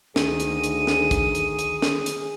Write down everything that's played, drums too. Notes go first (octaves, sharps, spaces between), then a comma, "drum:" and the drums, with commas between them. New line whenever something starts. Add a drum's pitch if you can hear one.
D2 D#3 G#4 D#7, drum: snare
drum: hi-hat
drum: hi-hat
drum: snare
drum: kick, hi-hat
drum: hi-hat
drum: hi-hat
drum: snare
drum: hi-hat